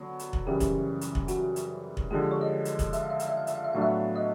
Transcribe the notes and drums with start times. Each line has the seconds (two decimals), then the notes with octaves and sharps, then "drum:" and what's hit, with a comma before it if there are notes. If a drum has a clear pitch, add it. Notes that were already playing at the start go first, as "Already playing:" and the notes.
Already playing: D3 F#3 B3
0.19 drum: hi-hat
0.33 drum: kick
0.46 F#2 C#3 E3 G3 G4
0.60 drum: kick, hi-hat
1.01 drum: hi-hat
1.15 drum: kick
1.28 F#4, drum: hi-hat
1.56 drum: hi-hat
1.97 drum: kick
2.11 D3 F3 G#3 G4
2.31 C#5
2.41 D#5
2.65 drum: hi-hat
2.79 drum: kick, hi-hat
2.93 E5, drum: hi-hat
3.01 F5
3.10 E5
3.20 F5, drum: hi-hat
3.28 E5
3.37 F5
3.47 E5, drum: hi-hat
3.55 F5
3.64 E5
3.73 A2 F#3 B3 D4 F5
3.82 E5
4.16 D#5